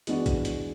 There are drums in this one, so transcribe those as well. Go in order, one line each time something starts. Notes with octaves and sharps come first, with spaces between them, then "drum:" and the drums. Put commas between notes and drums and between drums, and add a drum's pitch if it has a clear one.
E3 G#3 B3 D4 F#4, drum: hi-hat
drum: kick, hi-hat
drum: hi-hat